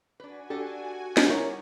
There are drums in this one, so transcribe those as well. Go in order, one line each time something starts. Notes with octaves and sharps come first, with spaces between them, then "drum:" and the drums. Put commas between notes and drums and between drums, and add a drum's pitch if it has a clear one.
D4 F#4 B4 G#5
D4 G4 A4
drum: snare
G3 D#4 E4 A#4 C#5 D5 F#5 A#5